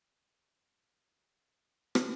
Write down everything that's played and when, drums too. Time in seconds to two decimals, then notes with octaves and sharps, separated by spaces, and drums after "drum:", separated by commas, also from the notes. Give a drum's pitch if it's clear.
0.06 G#2 C#3
1.95 drum: rim click